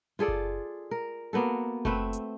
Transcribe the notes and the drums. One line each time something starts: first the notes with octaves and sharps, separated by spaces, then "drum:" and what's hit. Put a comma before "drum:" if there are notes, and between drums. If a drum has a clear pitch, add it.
F4 G#4 A4 D5
drum: kick F#1
A#4
A#3 B3 F#4 A4
A3 C4 B4 E5, drum: kick F#1
drum: hi-hat